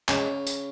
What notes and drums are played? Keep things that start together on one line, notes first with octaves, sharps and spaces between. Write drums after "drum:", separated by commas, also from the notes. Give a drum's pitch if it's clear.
C#3 G#3, drum: clap
drum: tambourine